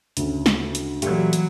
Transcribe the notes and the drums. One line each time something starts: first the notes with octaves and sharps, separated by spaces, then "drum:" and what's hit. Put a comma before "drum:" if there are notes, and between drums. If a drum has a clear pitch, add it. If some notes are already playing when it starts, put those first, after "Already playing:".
D2 C#3, drum: hi-hat
drum: snare
drum: hi-hat
A#2 E3 F#3 A3 G4, drum: hi-hat
drum: hi-hat